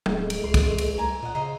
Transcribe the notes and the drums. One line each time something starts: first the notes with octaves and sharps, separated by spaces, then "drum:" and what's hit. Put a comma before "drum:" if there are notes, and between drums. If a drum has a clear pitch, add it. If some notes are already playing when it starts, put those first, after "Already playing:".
D1 G#3 A3, drum: tom F#3
drum: cymbal
C#2 C6
drum: kick, cymbal
drum: cymbal
C2 G#5 A#5
A#2 D#5 F#5
C#3 C5 D#5 A#5